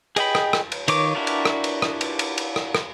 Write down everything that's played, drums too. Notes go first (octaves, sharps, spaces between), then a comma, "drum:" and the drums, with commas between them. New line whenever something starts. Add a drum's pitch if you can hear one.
G#4 D#5 G5 B5, drum: cymbal
drum: rim click
drum: rim click
drum: cymbal
D#3 C#5 D6, drum: cymbal
D4 E4 F#4 A#4 D5
drum: cymbal
drum: rim click
drum: cymbal
drum: rim click
drum: cymbal
drum: cymbal
drum: cymbal
drum: rim click
drum: rim click